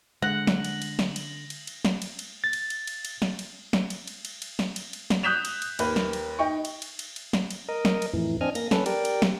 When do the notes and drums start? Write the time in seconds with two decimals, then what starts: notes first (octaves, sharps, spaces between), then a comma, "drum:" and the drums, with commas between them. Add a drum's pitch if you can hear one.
0.22 D3 G#3 F#5 A#6 F#7
0.47 drum: snare
0.65 drum: cymbal
0.82 drum: cymbal
0.99 drum: snare
1.16 drum: cymbal
1.50 drum: cymbal
1.67 drum: cymbal
1.85 drum: snare
2.02 drum: cymbal
2.19 drum: cymbal
2.44 A6
2.53 drum: cymbal
2.70 drum: cymbal
2.87 drum: cymbal
3.05 drum: cymbal
3.22 drum: snare
3.39 drum: cymbal
3.73 drum: snare
3.90 drum: cymbal
4.08 drum: cymbal
4.25 drum: cymbal
4.42 drum: cymbal
4.59 drum: snare
4.76 drum: cymbal
4.93 drum: cymbal
5.10 drum: snare
5.23 D#6 F#6 G6 B6 E7 F7
5.45 drum: cymbal
5.62 drum: cymbal
5.79 D#2 A#3 B4, drum: cymbal
5.96 drum: snare
6.13 drum: cymbal
6.39 D#4 G5 C#6
6.65 drum: cymbal
6.82 drum: cymbal
6.99 drum: cymbal
7.16 drum: cymbal
7.33 drum: snare
7.51 drum: cymbal
7.68 A#4 D#5
7.85 drum: snare
8.02 drum: cymbal
8.13 F2 A2 E3
8.41 C4 D4 D#5 G#5 F6
8.55 A#3 A#6, drum: cymbal
8.71 C#4 A4 B4, drum: snare
8.86 G4 A#4 D5, drum: cymbal
9.05 drum: cymbal
9.22 drum: snare